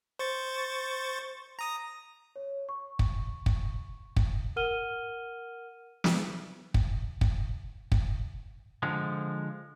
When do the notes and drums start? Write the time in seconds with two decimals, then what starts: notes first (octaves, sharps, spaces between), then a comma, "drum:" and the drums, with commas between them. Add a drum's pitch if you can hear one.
0.19 C5 C#6 A6
1.59 A#5 D#6 A#6
2.36 C#5
2.69 C#6
2.99 drum: kick
3.46 drum: kick
4.16 drum: kick
4.56 A#4 F#5 F6 D#7 G7
6.04 drum: snare
6.74 drum: kick
7.21 drum: kick
7.92 drum: kick
8.83 D3 F3 G#3